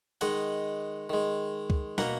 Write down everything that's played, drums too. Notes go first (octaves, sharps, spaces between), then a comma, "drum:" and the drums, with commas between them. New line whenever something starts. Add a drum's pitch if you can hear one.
D#3 G#3 D#5 F#5, drum: hi-hat
D#3 G#3
drum: kick C#2
B2 A#3 F#5 A#5, drum: snare